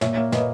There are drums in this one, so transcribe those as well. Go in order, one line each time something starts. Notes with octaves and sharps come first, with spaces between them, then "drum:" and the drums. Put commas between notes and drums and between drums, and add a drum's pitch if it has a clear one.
A#2 C#5 E5, drum: snare
A#3
A#2 B4 D#5, drum: snare